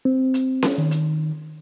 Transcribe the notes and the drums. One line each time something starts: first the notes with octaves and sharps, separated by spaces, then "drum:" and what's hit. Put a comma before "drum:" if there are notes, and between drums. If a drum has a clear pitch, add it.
C4
drum: hi-hat
drum: snare C#4
D#3
drum: hi-hat